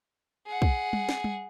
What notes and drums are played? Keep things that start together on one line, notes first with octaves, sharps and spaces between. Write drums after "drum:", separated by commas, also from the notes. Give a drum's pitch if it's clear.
G#4 F#5
drum: kick
drum: tom G3
drum: snare
drum: tom G3